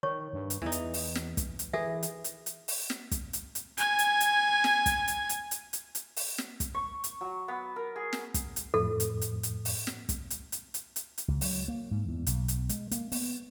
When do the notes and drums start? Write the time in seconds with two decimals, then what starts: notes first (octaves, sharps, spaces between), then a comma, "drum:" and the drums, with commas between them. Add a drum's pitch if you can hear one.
0.03 D#3 C#5 C#6
0.33 G2
0.50 drum: hi-hat
0.62 E2 E3 D#4
0.72 drum: hi-hat
0.94 drum: open hi-hat
1.15 drum: snare
1.37 drum: kick, hi-hat
1.59 drum: hi-hat
1.73 E3 G#4 A4 E5
2.03 drum: hi-hat
2.24 drum: hi-hat
2.46 drum: hi-hat
2.68 drum: open hi-hat
2.90 drum: snare
3.11 drum: kick, hi-hat
3.33 drum: hi-hat
3.55 drum: hi-hat
3.77 G#5 G#6, drum: hi-hat
3.99 drum: hi-hat
4.20 drum: hi-hat
4.64 drum: snare
4.86 drum: kick, hi-hat
5.08 drum: hi-hat
5.29 drum: hi-hat
5.51 drum: hi-hat
5.73 drum: hi-hat
5.95 drum: hi-hat
6.16 drum: open hi-hat
6.38 drum: snare
6.60 drum: kick, hi-hat
6.74 C#6
7.04 drum: hi-hat
7.21 F#3
7.48 B3
7.76 A#4
7.96 G#4
8.13 drum: snare
8.34 drum: kick, hi-hat
8.56 drum: hi-hat
8.74 F2 A2 A4
9.00 drum: hi-hat
9.22 drum: hi-hat
9.43 drum: hi-hat
9.65 drum: open hi-hat
9.87 drum: snare
10.09 drum: kick, hi-hat
10.30 drum: hi-hat
10.52 drum: hi-hat
10.74 drum: hi-hat
10.96 drum: hi-hat
11.18 drum: hi-hat
11.28 C#2
11.41 F#3, drum: open hi-hat
11.68 A#3
11.91 G#2
12.08 E2
12.27 B1, drum: hi-hat
12.48 drum: hi-hat
12.69 G#3, drum: hi-hat
12.91 A#3, drum: hi-hat
13.12 B3, drum: open hi-hat